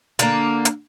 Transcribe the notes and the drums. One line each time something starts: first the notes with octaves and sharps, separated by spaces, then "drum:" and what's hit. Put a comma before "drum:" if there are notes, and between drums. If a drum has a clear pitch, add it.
D3 A#3, drum: hi-hat
drum: hi-hat